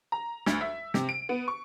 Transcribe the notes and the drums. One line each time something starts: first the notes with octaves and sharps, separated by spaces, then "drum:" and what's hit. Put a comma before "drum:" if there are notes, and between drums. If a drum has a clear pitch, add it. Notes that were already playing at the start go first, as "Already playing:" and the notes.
A#5
D2, drum: snare
E5
C3, drum: snare
D7
B3
C#6